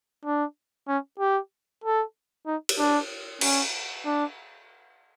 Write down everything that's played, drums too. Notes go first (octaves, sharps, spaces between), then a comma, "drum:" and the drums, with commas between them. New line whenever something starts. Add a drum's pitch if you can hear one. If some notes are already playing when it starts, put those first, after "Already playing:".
D4
C#4
G4
A4
D#4
drum: cymbal
D4
C#4, drum: cymbal
D4